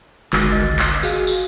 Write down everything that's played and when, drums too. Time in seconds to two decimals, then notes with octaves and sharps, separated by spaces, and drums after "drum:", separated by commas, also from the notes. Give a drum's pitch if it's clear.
0.33 G1 D#3 G#3 F#4, drum: clap
0.51 C2 D#5 A6
0.79 drum: clap
1.03 F#4 G#4 F5, drum: tambourine
1.27 drum: tambourine